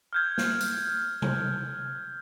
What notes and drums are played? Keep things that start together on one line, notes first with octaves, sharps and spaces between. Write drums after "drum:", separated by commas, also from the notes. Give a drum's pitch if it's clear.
F6 G6 G#6
drum: snare
drum: tambourine
drum: tom C3